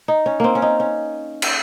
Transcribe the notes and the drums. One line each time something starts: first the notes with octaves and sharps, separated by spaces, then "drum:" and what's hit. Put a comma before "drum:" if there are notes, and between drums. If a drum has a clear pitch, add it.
D#4
C#4
A#3 C4
C#4
D#4
C#4
drum: cymbal